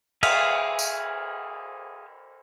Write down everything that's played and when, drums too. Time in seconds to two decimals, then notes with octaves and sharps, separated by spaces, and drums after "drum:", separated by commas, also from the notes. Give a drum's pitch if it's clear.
0.23 G#4 E5 F5, drum: cymbal
0.79 drum: tambourine